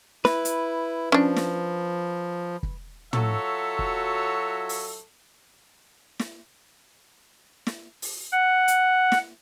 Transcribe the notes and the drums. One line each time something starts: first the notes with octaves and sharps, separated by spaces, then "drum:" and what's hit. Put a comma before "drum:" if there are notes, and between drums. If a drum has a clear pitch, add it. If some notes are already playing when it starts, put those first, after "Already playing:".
E4 B4, drum: snare
drum: hi-hat
F3 C#4 D4
drum: snare
drum: kick
F#3 F4 F#4 A4 C#5 E5, drum: tom
drum: kick
drum: open hi-hat
drum: snare
drum: snare
drum: open hi-hat
F#5
drum: hi-hat
drum: snare